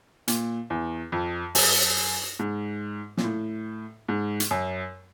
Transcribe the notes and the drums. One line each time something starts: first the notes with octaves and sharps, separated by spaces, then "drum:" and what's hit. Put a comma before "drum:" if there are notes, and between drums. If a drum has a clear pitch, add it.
A#2, drum: hi-hat
E2
F2
F#2, drum: open hi-hat
G#2
A#2, drum: snare
A2
G#2
drum: hi-hat
F#2